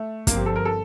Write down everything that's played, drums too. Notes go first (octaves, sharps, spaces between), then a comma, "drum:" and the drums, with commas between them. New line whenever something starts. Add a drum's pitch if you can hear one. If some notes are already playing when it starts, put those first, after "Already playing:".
Already playing: A3
G1 G2 F3 A#3 C4, drum: kick, hi-hat
G4
A4
A#4
A4